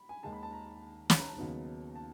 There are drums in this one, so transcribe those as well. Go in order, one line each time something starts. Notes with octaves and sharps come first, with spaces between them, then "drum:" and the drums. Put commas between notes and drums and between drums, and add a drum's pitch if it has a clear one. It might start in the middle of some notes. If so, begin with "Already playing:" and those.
Already playing: B5
G#5
D#2 D#3 G#3 A5
B5
A5
A#5
B5, drum: snare
A#5
A5
D#2 C#3 F#3 B3 D#4
A5